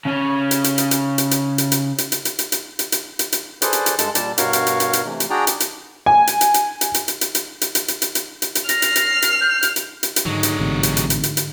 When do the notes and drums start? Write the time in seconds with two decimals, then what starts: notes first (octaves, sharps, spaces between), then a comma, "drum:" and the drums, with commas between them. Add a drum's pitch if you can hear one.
0.05 C#3 C#4
0.51 drum: hi-hat
0.64 drum: hi-hat
0.78 drum: hi-hat
0.91 drum: hi-hat
1.18 drum: hi-hat
1.31 drum: hi-hat
1.58 drum: hi-hat
1.72 drum: hi-hat
1.98 drum: hi-hat
2.12 drum: hi-hat
2.25 drum: hi-hat
2.39 drum: hi-hat
2.52 drum: hi-hat
2.79 drum: hi-hat
2.92 drum: hi-hat
3.19 drum: hi-hat
3.32 drum: hi-hat
3.62 G#4 A4 B4 C5 D5, drum: hi-hat
3.73 drum: hi-hat
3.86 drum: hi-hat
3.99 G2 G#3 A4 A5, drum: hi-hat
4.15 A#2 G3 D5 A5, drum: hi-hat
4.38 G2 B2 F#4 A#4 C#5 F5, drum: hi-hat
4.53 drum: hi-hat
4.67 drum: hi-hat
4.80 drum: hi-hat
4.93 drum: hi-hat
5.06 C3 E3 A3
5.20 drum: hi-hat
5.30 D4 F#4 G#4 D5 G5 A#5
5.47 drum: hi-hat
5.60 drum: hi-hat
6.06 G#5
6.27 drum: hi-hat
6.41 drum: hi-hat
6.54 drum: hi-hat
6.81 drum: hi-hat
6.94 drum: hi-hat
7.08 drum: hi-hat
7.21 drum: hi-hat
7.35 drum: hi-hat
7.61 drum: hi-hat
7.75 drum: hi-hat
7.88 drum: hi-hat
8.02 drum: hi-hat
8.15 drum: hi-hat
8.42 drum: hi-hat
8.55 drum: hi-hat
8.69 F6 A#6 C7, drum: hi-hat
8.82 drum: hi-hat
8.96 drum: hi-hat
9.22 drum: hi-hat
9.41 G6
9.63 drum: hi-hat
9.76 drum: hi-hat
10.03 drum: hi-hat
10.16 drum: hi-hat
10.26 G#2 D3 D#3 F#3 G#3
10.43 drum: hi-hat
10.60 A1 C3
10.83 drum: hi-hat
10.97 drum: hi-hat
11.10 drum: hi-hat
11.23 drum: hi-hat
11.37 drum: hi-hat